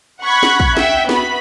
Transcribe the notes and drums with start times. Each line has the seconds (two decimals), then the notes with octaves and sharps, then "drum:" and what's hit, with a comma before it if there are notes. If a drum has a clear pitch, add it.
0.22 F#5 B5 C#6 F#6 G#6
0.43 drum: snare
0.60 drum: kick
0.77 E5 F#5 G5, drum: snare
1.09 B3 F#4 B5, drum: snare